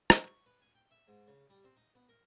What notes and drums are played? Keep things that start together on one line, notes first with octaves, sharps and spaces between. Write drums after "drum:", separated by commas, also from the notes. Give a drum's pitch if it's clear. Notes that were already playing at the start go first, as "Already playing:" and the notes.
drum: rim click
C#6
B4
G#5
G5
E5
G#2
C#3
G3
C4
D#4
B3
A#4